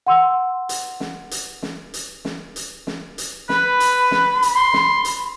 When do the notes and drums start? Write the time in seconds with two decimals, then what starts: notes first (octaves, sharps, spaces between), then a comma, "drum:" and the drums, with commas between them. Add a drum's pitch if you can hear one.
0.07 F#5 C6 E6
0.69 drum: hi-hat
1.00 drum: snare
1.31 drum: hi-hat
1.62 drum: snare
1.94 drum: hi-hat
2.25 drum: snare
2.56 drum: hi-hat
2.87 drum: snare
3.18 drum: hi-hat
3.49 B4 B5, drum: snare
3.80 drum: hi-hat
4.11 drum: snare
4.42 drum: hi-hat
4.56 C6
4.73 drum: snare
5.05 drum: hi-hat